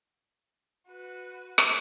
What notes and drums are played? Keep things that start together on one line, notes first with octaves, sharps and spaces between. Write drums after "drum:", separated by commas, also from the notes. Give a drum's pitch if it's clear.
F#4 B4
drum: rim click